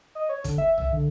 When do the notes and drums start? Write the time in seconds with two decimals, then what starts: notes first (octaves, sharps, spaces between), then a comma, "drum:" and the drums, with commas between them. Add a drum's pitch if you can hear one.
0.15 D#5
0.29 C#5
0.44 D3, drum: kick, hi-hat
0.58 E5
0.78 E5, drum: tom
0.93 D3